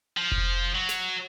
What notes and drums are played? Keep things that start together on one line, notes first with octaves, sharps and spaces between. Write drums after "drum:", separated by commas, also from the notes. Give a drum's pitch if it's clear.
F3
drum: kick F1
F#3
drum: snare